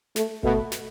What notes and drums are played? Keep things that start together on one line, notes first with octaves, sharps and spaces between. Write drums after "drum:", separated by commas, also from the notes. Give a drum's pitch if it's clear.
A3, drum: snare
B2 A3, drum: kick G#1
drum: snare